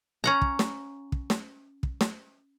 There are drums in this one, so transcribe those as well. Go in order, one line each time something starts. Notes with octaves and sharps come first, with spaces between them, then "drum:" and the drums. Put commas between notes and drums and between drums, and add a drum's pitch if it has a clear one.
C#4 F#5 A#5
drum: kick
drum: snare
drum: kick
drum: snare
drum: kick
drum: snare